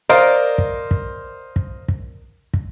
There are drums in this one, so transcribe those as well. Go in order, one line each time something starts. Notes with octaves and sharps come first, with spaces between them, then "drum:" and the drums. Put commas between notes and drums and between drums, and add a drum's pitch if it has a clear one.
A#4 C5 D5 D#5 F5
drum: kick
drum: kick
drum: kick
drum: kick
drum: kick